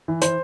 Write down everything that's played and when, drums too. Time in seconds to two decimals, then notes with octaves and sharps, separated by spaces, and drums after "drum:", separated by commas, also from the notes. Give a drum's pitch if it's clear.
0.08 E3
0.22 E3 C5, drum: hi-hat